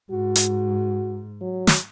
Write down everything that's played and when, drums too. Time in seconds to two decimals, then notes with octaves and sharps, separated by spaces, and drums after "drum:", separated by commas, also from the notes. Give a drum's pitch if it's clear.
0.11 G#2 F#4
0.36 drum: hi-hat
1.41 F#3
1.67 drum: snare